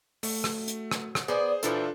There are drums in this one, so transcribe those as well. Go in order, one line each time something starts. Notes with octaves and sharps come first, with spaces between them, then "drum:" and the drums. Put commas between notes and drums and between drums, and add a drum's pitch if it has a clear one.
A3 F#4, drum: open hi-hat
drum: rim click
drum: hi-hat
drum: rim click
drum: rim click
B3 G#4 C5 D5 G#5
A#2 E3 F3 D4 F4 A4, drum: hi-hat